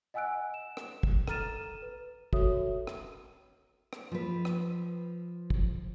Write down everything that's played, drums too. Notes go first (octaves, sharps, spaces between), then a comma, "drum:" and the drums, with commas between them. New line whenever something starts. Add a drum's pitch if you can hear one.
D#5 F#5 G#5 E6 F#6 D7
E7
drum: rim click
drum: kick
A4 A#5 F6 A6 D#7 E7, drum: rim click
B4
F#4 A4 C#5 E5 D#6, drum: kick
drum: rim click
drum: rim click
F3 B4
drum: rim click
drum: kick